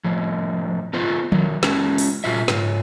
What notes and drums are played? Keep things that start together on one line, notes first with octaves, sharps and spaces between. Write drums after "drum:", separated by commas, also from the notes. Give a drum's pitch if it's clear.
A2 F3
B3 F4 B4 C5
D#3 F#3, drum: tom F3
G#3 C#4 G4, drum: snare
drum: open hi-hat
A#2 F4 F#4 E5
G#2 F4, drum: snare